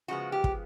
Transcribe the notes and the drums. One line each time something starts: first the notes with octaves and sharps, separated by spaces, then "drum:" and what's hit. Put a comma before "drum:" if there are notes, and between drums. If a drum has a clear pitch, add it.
C#3 F3 G#3 B3 F#4
G4
drum: kick